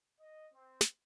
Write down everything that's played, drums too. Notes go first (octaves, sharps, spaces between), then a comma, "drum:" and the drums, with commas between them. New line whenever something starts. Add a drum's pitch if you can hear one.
D#5
C4
drum: snare